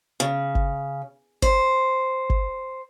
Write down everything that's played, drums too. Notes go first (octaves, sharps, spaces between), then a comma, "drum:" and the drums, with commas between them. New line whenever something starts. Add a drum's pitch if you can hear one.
C#3
drum: kick G1
C5, drum: kick G1
drum: kick G1